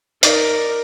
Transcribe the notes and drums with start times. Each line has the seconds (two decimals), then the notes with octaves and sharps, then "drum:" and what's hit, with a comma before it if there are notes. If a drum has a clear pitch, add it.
0.23 D#4 A#4 D5, drum: hi-hat